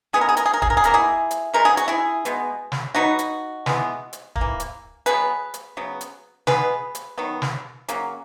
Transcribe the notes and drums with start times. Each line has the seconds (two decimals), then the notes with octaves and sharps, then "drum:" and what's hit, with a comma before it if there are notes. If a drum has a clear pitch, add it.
0.13 E3 G#3 B3 G#4
0.21 A#4
0.29 G#4
0.37 A#4, drum: hi-hat
0.46 G#4
0.53 A#4
0.62 G#4, drum: kick
0.70 A#4
0.77 G#4
0.84 B2 A#3 A#4, drum: hi-hat
0.94 E4 G#4
1.31 drum: hi-hat
1.54 B2 G#3 B3 A#4
1.65 G#4
1.77 F#4, drum: hi-hat
1.88 E4 G#4
2.25 B2 G#3 B3, drum: hi-hat
2.72 drum: snare
2.95 B2 F#3 B3 D#4 F#4
3.19 drum: hi-hat
3.66 E3 G#3 B3, drum: snare
4.13 drum: hi-hat
4.36 A#3, drum: kick
4.41 E3
4.60 drum: hi-hat
5.06 B2 F#3 B3 G#4 B4, drum: hi-hat
5.54 drum: hi-hat
5.77 C#3 F#3 B3
6.01 drum: hi-hat
6.47 B2 G#3 B3 G#4 B4, drum: snare
6.95 drum: hi-hat
7.18 D#3 F#3 B3
7.42 drum: snare
7.88 C#3 F#3 A#3, drum: hi-hat